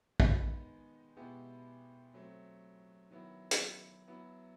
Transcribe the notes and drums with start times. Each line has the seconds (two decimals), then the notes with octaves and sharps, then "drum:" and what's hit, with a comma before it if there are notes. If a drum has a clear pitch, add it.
0.20 D#3 G#3 B3 D#4, drum: kick
1.16 B2 G#3 B3 E4 G4
2.14 F#3 A3 C4
3.10 D#3 F#3 B3 E4
3.51 drum: hi-hat
4.08 F#3 B3 E4